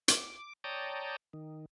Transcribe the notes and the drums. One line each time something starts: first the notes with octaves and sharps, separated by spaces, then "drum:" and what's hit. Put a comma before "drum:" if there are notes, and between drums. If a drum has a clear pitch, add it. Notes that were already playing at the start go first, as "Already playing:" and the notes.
D6, drum: hi-hat
C#5 D5 G5 A5 A#5 D#6
D#3